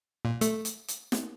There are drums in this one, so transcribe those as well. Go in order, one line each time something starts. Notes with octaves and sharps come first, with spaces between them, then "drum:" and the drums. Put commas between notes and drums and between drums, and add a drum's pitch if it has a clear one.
A#2
A3, drum: hi-hat
drum: hi-hat
drum: hi-hat
drum: snare